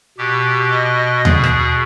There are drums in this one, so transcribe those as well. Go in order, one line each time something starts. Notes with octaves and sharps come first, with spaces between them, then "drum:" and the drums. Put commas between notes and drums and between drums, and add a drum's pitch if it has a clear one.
B2 G4
D#5
B2 G#4, drum: tom D#2
drum: rim click